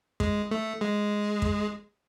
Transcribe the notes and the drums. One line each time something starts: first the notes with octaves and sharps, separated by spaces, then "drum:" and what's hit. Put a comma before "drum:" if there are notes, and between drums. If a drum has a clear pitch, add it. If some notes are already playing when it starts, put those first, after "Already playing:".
G#3, drum: kick
A3
G#3
drum: kick